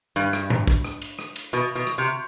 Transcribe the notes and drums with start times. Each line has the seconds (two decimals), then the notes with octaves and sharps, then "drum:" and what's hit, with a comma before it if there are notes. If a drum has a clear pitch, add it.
0.16 G2
0.33 drum: rim click
0.50 drum: tom G#2
0.67 drum: kick
0.85 drum: rim click
1.02 drum: cymbal
1.19 drum: rim click
1.36 drum: cymbal
1.53 B2
1.75 B2
1.87 drum: rim click
1.98 C3